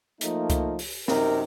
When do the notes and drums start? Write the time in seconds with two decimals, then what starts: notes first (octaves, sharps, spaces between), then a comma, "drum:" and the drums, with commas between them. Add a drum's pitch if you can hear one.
0.21 F3 A3 A#3 D#4, drum: hi-hat
0.50 drum: kick C2, hi-hat
0.79 drum: open hi-hat
1.08 F#2 C3 D#4 A#4, drum: snare